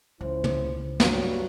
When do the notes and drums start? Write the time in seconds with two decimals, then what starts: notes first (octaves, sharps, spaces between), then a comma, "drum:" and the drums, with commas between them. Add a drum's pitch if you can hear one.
0.21 C#2 C#4 E4 C5
0.44 drum: tom
1.00 G2 F#3, drum: snare